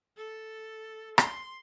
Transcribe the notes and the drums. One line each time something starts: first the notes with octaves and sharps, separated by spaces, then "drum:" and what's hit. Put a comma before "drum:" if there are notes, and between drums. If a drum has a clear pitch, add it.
A4
C6, drum: rim click